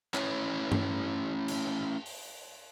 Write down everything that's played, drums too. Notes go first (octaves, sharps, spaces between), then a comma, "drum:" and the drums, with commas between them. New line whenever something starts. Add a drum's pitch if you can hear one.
A3 C#4 E4 C#5, drum: clap
drum: tom G2
drum: cymbal
drum: open hi-hat